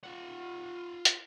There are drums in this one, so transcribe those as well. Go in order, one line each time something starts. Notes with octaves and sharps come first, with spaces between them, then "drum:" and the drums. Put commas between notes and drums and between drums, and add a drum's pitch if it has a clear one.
F4 F#5
drum: hi-hat